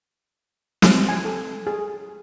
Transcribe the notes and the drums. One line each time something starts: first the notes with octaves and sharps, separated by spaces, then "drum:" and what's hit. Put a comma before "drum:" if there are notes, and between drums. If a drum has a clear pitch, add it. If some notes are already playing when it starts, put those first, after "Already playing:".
drum: snare
G#5
A4
G#4